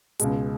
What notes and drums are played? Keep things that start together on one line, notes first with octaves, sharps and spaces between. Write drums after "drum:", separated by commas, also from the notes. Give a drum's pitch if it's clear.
C#2 B2 G#3, drum: hi-hat